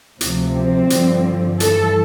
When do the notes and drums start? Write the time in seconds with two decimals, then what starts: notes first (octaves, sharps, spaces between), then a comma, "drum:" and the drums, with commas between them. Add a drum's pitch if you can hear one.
0.21 D2 C3 F3, drum: hi-hat
0.55 C4
0.90 G2 D3 F3, drum: hi-hat
1.60 G2 E3 A4, drum: hi-hat